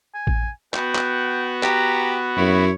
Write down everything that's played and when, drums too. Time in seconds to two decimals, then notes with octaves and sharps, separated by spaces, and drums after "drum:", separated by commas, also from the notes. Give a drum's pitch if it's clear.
0.14 G#5
0.27 drum: kick A1
0.74 B3 F#4 G5, drum: clap
0.95 drum: clap
1.63 G4 A#5, drum: clap
2.37 F#2 E4 C#5